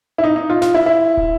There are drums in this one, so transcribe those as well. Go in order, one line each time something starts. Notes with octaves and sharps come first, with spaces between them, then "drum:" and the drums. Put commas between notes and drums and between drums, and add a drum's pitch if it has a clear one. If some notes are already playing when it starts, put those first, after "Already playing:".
E4
D#4
D#4
F4
F4, drum: snare
E4
E4
drum: kick